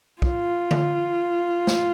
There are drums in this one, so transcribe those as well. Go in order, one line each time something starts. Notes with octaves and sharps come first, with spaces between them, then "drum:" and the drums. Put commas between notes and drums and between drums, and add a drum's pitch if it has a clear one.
F4, drum: kick
drum: tom D3
drum: snare